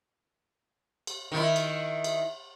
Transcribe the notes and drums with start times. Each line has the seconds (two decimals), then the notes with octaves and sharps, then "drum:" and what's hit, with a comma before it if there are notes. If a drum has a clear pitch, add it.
1.07 drum: cymbal
1.32 D#3 E4
1.56 drum: cymbal
2.04 drum: cymbal